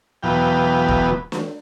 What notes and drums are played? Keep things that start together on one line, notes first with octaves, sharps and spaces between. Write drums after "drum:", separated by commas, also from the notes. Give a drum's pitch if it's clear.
E2 B2 F#3 B3 F5 G5
drum: kick
drum: snare